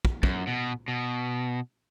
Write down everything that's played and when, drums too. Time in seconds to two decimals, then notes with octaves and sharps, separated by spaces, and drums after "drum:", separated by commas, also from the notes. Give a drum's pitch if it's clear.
0.05 drum: kick
0.23 F#2, drum: kick
0.47 B2
0.88 B2